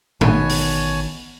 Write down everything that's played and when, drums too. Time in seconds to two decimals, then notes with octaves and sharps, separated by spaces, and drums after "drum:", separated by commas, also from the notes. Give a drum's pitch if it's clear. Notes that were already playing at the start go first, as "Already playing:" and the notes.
0.21 A1 B2 D#3 C#5 G#5 A5, drum: tom G#2
0.49 drum: open hi-hat